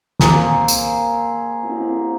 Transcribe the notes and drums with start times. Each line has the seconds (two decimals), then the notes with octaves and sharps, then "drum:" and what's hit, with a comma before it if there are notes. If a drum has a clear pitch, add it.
0.19 A#3 C4 G#4 A#4, drum: snare
0.68 drum: tambourine
1.63 drum: cymbal